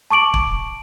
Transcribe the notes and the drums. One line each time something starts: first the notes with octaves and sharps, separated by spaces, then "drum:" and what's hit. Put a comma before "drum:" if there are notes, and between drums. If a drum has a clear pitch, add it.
A5 C#6 D6 D7 F#7
drum: kick